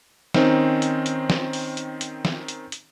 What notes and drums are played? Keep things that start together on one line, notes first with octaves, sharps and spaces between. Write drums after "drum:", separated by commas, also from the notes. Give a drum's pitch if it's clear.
D#3 C4 C#4 D#4 C5, drum: snare
drum: hi-hat
drum: hi-hat
drum: snare
drum: open hi-hat
drum: hi-hat
drum: hi-hat
drum: snare
drum: hi-hat
drum: hi-hat